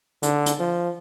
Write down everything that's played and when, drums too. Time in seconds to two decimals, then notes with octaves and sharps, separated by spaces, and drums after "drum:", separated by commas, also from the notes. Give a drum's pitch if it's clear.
0.23 D3, drum: hi-hat
0.46 drum: hi-hat
0.60 F3